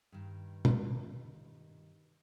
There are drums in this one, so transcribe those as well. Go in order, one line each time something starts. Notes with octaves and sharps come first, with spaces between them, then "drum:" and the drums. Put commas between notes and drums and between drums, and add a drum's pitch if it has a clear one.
G2 D#3
drum: tom